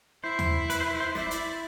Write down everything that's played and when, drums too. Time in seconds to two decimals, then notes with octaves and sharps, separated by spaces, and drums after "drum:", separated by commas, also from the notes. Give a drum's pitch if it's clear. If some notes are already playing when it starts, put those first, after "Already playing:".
0.23 E4 C5
0.39 drum: tom D#2
0.70 B4, drum: hi-hat
0.80 C5
0.85 B4
1.00 C5
1.15 E4 D5, drum: snare
1.31 drum: hi-hat